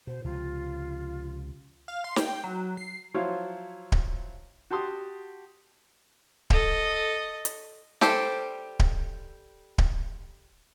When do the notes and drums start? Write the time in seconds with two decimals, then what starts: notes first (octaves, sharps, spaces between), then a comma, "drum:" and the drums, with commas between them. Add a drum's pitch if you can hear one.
0.07 B2 C5
0.24 C#2 C3 F3 F4
1.88 F5
2.04 C6
2.16 G5, drum: snare
2.44 F#3
2.77 C7
3.14 F3 F#3 E4 F4 C5 C#5
3.92 drum: kick D1
4.70 F#4 G4 A5 C6 D#6
6.50 A4 D#5, drum: kick D1
7.45 drum: hi-hat
8.01 G3 G4 A4 C5, drum: snare
8.80 drum: kick D1
9.78 drum: kick D1